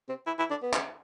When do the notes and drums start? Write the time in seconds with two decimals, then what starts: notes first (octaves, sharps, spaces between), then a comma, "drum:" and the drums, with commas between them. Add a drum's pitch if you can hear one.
0.09 C4
0.27 E4
0.39 E4
0.51 D4
0.62 B3
0.73 drum: clap